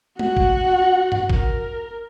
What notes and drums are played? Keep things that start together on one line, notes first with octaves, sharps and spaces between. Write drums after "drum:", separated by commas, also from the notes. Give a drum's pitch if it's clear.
F#4 F#5, drum: tom G#3
drum: kick
drum: tom G2
A#4, drum: kick